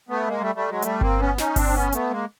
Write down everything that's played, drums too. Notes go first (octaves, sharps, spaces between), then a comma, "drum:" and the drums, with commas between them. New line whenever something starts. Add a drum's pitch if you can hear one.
A3 B3
G#3 A#3
G3 A3
G3 A3
F#3 G#3
G3 A3, drum: hi-hat
A#3 C4, drum: kick G1
B3 C#4
C#4 D#4, drum: snare
C4 D4, drum: kick G1, open hi-hat
B3 C#4
A3 B3, drum: hi-hat
G#3 A#3